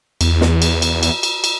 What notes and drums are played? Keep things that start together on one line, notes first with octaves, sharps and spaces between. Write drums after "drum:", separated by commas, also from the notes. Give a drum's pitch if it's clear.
E2, drum: cymbal
drum: snare
drum: cymbal
drum: cymbal
drum: cymbal
drum: cymbal
drum: cymbal